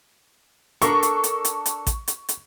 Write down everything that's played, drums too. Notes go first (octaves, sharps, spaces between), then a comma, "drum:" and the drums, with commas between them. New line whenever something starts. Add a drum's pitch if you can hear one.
D4 A4 A#4 C#6, drum: hi-hat
drum: hi-hat
drum: hi-hat
drum: hi-hat
drum: hi-hat
drum: kick A1, hi-hat
drum: hi-hat
drum: hi-hat